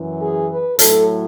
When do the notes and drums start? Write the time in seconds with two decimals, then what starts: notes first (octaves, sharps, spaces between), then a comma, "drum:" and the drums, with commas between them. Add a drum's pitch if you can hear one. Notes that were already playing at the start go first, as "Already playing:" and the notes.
Already playing: F#2 E3
0.20 G#4
0.50 B4
0.79 A2 F#3 A4, drum: hi-hat